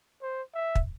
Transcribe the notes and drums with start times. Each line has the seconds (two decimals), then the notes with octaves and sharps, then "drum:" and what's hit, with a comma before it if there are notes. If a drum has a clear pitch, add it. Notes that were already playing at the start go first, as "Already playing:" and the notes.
0.22 C5
0.54 E5
0.75 drum: kick